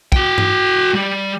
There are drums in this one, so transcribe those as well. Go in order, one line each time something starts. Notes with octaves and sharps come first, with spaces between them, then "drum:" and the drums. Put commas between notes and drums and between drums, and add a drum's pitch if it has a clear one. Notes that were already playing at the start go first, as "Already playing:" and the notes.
F#4 G5, drum: kick
drum: tom G2
G3